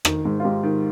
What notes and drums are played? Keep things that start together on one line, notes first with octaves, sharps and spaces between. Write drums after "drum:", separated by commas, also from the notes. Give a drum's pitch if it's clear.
D#3, drum: rim click
G#2
F4
G#2 G4
D#3